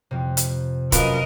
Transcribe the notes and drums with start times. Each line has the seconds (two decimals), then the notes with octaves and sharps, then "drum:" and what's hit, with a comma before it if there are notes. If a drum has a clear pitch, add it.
0.11 F2 C3
0.37 drum: hi-hat
0.92 F#2 F4 A#4 B4 D#5, drum: kick E1, hi-hat